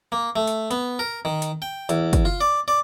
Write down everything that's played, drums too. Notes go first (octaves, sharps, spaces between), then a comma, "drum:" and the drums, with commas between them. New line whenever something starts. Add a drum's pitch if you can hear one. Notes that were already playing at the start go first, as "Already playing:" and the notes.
A#3
A3
drum: hi-hat
B3, drum: hi-hat
A#4
D#3
drum: hi-hat
G5
E2, drum: hi-hat
drum: kick, hi-hat
F4
D5
D5